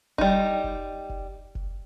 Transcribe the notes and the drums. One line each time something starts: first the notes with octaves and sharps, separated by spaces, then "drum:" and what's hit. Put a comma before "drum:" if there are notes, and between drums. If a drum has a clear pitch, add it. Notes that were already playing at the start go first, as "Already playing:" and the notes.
G3 D#4, drum: kick F1
drum: kick F1
drum: kick F1
drum: kick F1